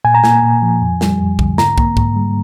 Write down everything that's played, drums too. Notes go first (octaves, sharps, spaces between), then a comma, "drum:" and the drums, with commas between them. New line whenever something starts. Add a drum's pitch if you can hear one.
A#2 G#5
A#5
A#3 G#5, drum: snare
A#2
F3
F2
G3, drum: snare
F2
D3, drum: kick
G#2 A#5, drum: snare
A#3, drum: kick
G#2, drum: kick
G3